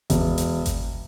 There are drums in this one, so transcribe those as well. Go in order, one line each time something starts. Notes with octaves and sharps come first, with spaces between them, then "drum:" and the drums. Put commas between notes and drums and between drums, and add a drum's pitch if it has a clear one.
E1, drum: kick G1, hi-hat
drum: hi-hat
drum: kick G1, hi-hat